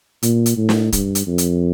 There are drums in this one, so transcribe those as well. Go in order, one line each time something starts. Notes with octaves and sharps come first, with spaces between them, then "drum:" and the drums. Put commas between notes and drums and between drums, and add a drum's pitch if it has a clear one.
A#2, drum: hi-hat
drum: hi-hat
A2
drum: snare
G2, drum: kick, hi-hat
drum: hi-hat
F2
drum: hi-hat